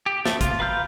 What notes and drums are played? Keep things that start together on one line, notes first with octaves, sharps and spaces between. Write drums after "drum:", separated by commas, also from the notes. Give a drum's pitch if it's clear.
G4
A3, drum: snare
F4, drum: kick, hi-hat
B4 F5 A#5 F6 G6